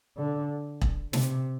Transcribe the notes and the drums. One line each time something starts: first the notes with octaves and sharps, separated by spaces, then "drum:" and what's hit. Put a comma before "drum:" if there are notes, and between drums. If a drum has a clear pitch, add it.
D3
drum: kick E1
C3, drum: snare